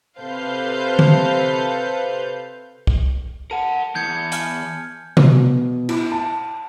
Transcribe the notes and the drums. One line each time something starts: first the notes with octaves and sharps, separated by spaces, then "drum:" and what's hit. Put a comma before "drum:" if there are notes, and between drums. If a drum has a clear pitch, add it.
C3 A4 B4 C5 F5 G6
drum: tom D3
drum: kick
A#4 F#5 A5 D#7
E3 B3 G6 G#6 C#7
G#5 F6, drum: hi-hat
B2, drum: tom C3
E4, drum: cymbal
A5